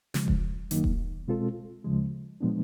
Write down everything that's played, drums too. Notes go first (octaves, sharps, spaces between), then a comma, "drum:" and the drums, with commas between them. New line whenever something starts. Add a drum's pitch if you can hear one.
C#3 F3 G#3, drum: snare
drum: kick E1
F#2 D#3 F#3 A#3 D#4, drum: hi-hat
drum: kick E1
B2 G#3 C4 F4 A4
D2 C#3 F3 G#3
A#2 F3 G#3 B3 D4